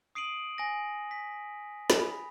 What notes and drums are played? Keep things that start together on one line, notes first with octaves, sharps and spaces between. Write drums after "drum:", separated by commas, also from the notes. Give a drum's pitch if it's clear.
D#6 C7 D7 D#7 F#7
G#5 A#6
B6
B5, drum: snare